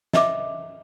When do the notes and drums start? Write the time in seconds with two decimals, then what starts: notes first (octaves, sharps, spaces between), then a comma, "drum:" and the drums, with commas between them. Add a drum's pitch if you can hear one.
0.13 D#5 E5 D6, drum: snare